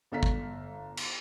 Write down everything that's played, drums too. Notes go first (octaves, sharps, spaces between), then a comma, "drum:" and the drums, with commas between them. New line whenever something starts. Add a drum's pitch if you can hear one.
G1 D4 A4 F5 A#5 B6
drum: kick
drum: cymbal